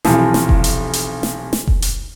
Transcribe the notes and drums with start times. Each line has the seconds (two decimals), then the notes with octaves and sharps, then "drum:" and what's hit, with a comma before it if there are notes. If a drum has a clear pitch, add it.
0.05 B1 C3 E3 F3, drum: snare
0.34 drum: snare
0.49 drum: kick F1
0.64 drum: hi-hat
0.93 drum: hi-hat
1.23 drum: snare
1.53 drum: snare
1.67 drum: kick F1
1.82 drum: hi-hat